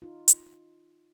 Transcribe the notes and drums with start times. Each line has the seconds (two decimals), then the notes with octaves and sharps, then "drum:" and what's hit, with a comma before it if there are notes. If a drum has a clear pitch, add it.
0.02 D#4 F4
0.28 drum: hi-hat